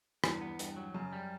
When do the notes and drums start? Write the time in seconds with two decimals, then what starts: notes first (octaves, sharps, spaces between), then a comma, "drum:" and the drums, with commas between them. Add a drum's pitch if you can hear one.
0.24 E2 G2, drum: rim click
0.41 B3
0.59 G2, drum: hi-hat
0.76 F#3
0.94 F#2 C#3
1.13 G3